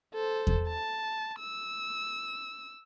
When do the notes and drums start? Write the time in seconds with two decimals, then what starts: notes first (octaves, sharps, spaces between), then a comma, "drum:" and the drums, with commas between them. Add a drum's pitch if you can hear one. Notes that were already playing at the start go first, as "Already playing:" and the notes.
0.14 A4 C5
0.47 drum: kick E2
0.68 A5
1.39 E6